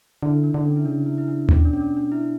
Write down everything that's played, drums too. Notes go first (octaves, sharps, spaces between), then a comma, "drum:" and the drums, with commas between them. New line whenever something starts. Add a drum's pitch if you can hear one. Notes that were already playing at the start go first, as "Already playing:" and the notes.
D3 E4
D4
D3
C#4
E4
C#3 D4
E4
E4
D4
B2 C#4, drum: tom D#2
D4
C#4
D4
D4
E4